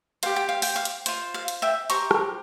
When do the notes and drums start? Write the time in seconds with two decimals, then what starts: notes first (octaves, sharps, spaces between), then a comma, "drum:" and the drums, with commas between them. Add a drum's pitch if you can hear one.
0.23 G4 C5 F5, drum: hi-hat
0.36 G5
0.49 F5
0.62 G5, drum: open hi-hat
0.76 F5
0.85 drum: hi-hat
1.06 F4 C5, drum: hi-hat
1.34 F5
1.48 drum: hi-hat
1.62 E5 G5
1.90 G4 C5 A#5 C#6, drum: hi-hat
2.11 drum: rim click